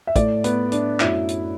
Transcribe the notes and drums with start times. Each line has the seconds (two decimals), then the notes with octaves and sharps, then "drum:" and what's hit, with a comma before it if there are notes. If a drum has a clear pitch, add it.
0.07 E5
0.16 A2 A3 D5, drum: kick, hi-hat
0.44 B3, drum: hi-hat
0.72 D4, drum: hi-hat
1.00 F#2 F#3 A3 E4, drum: clap
1.29 drum: hi-hat